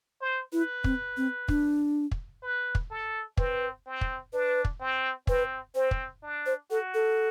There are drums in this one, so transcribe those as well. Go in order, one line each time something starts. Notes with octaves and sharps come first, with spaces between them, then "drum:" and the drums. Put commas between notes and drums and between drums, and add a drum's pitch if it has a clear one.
C5
E4 B4
C4, drum: kick
C4
D4, drum: kick
drum: kick
B4
drum: kick
A4
C4 B4, drum: kick
C4
drum: kick
D4 B4
drum: kick
C4
C4 B4, drum: kick
C4 C5
drum: kick
D4
C5
F#4 A4
A4